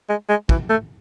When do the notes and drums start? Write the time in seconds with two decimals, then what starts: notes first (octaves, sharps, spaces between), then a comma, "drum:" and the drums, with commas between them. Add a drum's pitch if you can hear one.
0.09 G#3
0.29 G#3
0.49 E3, drum: kick
0.69 A3